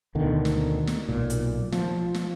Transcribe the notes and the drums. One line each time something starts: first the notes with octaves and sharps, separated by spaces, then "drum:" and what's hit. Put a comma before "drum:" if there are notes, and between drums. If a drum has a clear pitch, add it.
D2 B2 D3 D#3
drum: snare
drum: snare
B1 A#2
drum: hi-hat
F3, drum: snare
drum: snare